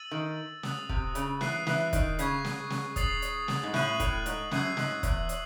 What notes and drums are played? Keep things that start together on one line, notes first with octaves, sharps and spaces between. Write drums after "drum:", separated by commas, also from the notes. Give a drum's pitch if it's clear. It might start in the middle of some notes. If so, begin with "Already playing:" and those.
Already playing: E6 A6 D#7 F#7
D#3
D#6 F#6 A6, drum: snare
C3, drum: kick
C#3, drum: hi-hat
E3 F#6 C7 D#7, drum: snare
E3, drum: snare
D#3, drum: kick, hi-hat
C#3 C#6 G#6 C7, drum: hi-hat
drum: snare
drum: snare
D#6 A6 C7 F#7, drum: kick, hi-hat
drum: hi-hat
drum: snare
G#2
A2 F#6 C7 D#7 F#7, drum: snare
A2, drum: kick, hi-hat
G#2, drum: hi-hat
F#2 E6 G#6 C7 D#7 F#7, drum: snare
G#2, drum: snare
E2, drum: kick, hi-hat
F#7, drum: hi-hat